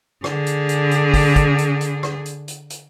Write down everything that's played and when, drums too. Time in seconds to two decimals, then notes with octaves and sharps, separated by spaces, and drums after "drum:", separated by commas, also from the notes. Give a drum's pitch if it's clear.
0.24 D3 G#4, drum: rim click
0.46 drum: hi-hat
0.69 drum: hi-hat
0.91 drum: hi-hat
1.14 drum: kick, open hi-hat
1.36 drum: kick, hi-hat
1.58 drum: hi-hat
1.81 drum: hi-hat
2.03 drum: rim click
2.26 drum: hi-hat
2.48 drum: hi-hat
2.70 drum: hi-hat